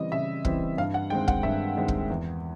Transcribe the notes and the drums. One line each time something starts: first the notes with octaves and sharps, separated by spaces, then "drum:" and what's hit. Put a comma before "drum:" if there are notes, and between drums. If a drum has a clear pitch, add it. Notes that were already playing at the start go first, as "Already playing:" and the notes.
Already playing: C#3 E3 G3 C4 D#5
C#3 E5
E3 G3 C4, drum: kick
G2 F5
F#5
D#3 G#3 C4 G5
F#5, drum: kick
G2 E5
D#3 G#3 C4
drum: kick
E2